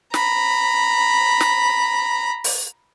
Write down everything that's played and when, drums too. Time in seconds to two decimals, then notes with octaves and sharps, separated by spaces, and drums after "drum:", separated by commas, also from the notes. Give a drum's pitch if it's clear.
0.14 A#5 B5, drum: snare
1.40 drum: snare
2.44 drum: open hi-hat